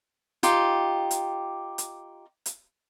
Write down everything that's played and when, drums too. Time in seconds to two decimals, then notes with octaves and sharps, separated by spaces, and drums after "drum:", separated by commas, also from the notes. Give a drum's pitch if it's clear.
0.43 D#4 F4 G4, drum: hi-hat
1.11 drum: hi-hat
1.78 drum: hi-hat
2.46 drum: hi-hat